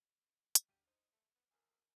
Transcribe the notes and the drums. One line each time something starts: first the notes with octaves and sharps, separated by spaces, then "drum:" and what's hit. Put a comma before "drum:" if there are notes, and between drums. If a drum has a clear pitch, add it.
drum: hi-hat
D2 G4 D#7
D#4 C5
A3
B3
D2 A#4 G#5